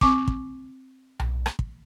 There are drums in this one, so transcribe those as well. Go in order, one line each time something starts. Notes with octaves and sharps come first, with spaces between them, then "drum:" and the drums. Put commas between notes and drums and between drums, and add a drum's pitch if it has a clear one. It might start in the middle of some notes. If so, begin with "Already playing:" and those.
C4 C#6 D6, drum: kick
drum: kick
drum: tom B1
drum: rim click
drum: kick